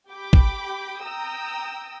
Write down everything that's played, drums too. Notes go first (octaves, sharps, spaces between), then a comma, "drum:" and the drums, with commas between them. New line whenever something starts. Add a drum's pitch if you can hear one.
G4 G5 B5 D6
drum: kick
G5 A#5 D#6 E6